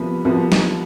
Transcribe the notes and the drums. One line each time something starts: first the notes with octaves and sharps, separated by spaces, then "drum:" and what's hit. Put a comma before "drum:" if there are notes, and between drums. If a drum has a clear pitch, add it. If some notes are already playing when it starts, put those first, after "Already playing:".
Already playing: C2 C3 F3 B3 B5
C2 C3 F3 B3
drum: snare